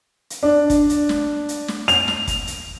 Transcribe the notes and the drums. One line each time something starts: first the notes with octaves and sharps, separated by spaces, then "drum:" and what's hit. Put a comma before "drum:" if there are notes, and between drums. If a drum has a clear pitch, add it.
drum: hi-hat
D4
drum: kick, hi-hat
drum: hi-hat
drum: snare
drum: hi-hat
drum: snare
F7, drum: hi-hat
drum: snare
drum: kick, hi-hat
drum: hi-hat